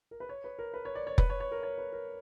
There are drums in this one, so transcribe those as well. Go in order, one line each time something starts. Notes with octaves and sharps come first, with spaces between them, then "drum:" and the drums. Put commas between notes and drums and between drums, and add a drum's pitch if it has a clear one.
A#4
B4
C#5
B4
A#4
B4
C#5
D5
C#5
B4, drum: kick F1
C#5
C#5
A#4
C#5
B4
A#4